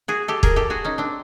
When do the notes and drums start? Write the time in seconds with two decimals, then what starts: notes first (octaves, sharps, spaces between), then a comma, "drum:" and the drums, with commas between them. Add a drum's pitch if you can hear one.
0.08 F#4 G#4
0.28 G4 A4
0.43 G#4 A#4, drum: kick
0.56 G4 A4
0.70 F#4 G#4
0.84 C#4 D#4
0.98 C4 D4